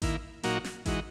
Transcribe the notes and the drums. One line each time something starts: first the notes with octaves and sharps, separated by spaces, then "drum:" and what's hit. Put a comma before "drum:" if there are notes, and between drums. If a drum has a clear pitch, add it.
D#3 A#3 E4, drum: kick A1, hi-hat
A#2 F#3 A#3 D#4 F#4, drum: hi-hat
drum: snare
E3 G#3 D#4 F#4, drum: kick A1, hi-hat